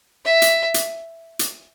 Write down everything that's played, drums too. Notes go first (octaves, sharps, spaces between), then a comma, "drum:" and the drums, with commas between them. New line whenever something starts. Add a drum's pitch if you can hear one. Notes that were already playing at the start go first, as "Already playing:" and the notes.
E5
drum: hi-hat
drum: hi-hat
drum: hi-hat